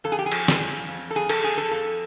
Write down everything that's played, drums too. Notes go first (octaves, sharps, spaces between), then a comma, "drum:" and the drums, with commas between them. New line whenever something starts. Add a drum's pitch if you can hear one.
F2 A4
G#4
G4
G#4
F3, drum: cymbal
drum: snare
F2
F2
A4
F2 G#4
A4, drum: cymbal
F2 G#4
A4
F2 A4